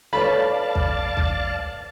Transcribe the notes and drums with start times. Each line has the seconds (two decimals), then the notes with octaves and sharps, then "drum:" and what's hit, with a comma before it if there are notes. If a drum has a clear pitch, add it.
0.13 A4 B4 C#5 D5 F5 A5 B5
0.75 drum: kick
1.17 drum: kick